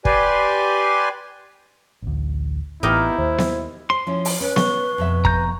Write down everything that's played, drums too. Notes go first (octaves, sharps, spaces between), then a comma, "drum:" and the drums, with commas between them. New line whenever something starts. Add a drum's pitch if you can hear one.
G4 B4 D5 G#5 C6, drum: kick
A1 D2
A1 B3 D#4 E4 G4 A#4
D#2 C5
drum: snare B3
C5 C6
F3 C#4 E4
drum: open hi-hat
C#4 B4
C#6, drum: snare B3
F2 B2 E5
A#5 G6, drum: kick